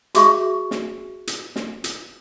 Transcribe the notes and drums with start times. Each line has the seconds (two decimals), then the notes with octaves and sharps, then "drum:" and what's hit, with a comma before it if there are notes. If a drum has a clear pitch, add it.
0.15 F#4 G#4 E5 C#6, drum: hi-hat
0.71 drum: snare
1.27 drum: hi-hat
1.56 drum: snare
1.84 drum: hi-hat